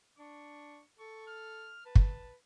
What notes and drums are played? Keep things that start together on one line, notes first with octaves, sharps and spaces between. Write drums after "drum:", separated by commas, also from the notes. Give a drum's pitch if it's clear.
D4 C#6
A4 C#6
F6
B4 A5
drum: kick